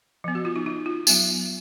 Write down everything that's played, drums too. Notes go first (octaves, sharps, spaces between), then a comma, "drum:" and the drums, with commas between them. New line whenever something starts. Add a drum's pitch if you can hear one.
F3 B3
F#4
F4
D#4
D#4
F4
F#3 B3, drum: tambourine